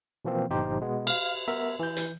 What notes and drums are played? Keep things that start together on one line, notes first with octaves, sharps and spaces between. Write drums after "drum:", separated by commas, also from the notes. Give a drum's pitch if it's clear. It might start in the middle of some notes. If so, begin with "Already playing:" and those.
B2 E3 F3 A#3 C4
G1 A#2 F3 D#4 G4 C5
B2 G#3 B3
F5 F6, drum: cymbal
B3 A#4 E5
E3 G6
drum: hi-hat